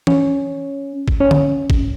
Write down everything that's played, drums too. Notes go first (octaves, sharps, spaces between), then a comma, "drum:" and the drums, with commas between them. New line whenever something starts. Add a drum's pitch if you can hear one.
C#4, drum: tom E3
drum: kick
C#4
drum: tom D3
drum: kick